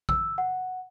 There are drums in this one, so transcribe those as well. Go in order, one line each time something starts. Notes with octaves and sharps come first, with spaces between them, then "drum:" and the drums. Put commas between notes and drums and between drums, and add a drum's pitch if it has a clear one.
E6, drum: kick A#1
F#5